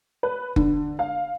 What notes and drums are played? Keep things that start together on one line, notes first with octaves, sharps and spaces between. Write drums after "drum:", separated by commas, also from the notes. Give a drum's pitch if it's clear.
B4
D3, drum: kick F#1
F5